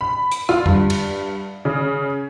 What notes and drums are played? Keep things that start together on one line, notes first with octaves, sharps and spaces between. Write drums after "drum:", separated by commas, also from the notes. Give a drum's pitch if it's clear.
B5
drum: hi-hat
F4, drum: rim click
G2, drum: tom
drum: cymbal
C#3